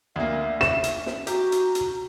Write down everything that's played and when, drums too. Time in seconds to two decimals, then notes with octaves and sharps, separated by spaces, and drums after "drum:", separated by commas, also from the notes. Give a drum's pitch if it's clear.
0.16 D2 A#3 E5
0.61 E7, drum: snare
0.84 drum: hi-hat
1.06 drum: snare
1.27 F#4 G4 A#5, drum: hi-hat
1.52 drum: hi-hat
1.75 drum: hi-hat